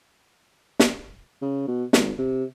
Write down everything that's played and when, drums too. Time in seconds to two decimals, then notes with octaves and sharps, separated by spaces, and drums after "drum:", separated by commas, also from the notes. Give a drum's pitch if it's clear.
0.80 drum: snare
1.42 C#3
1.67 B2
1.93 G#1, drum: snare
2.19 C3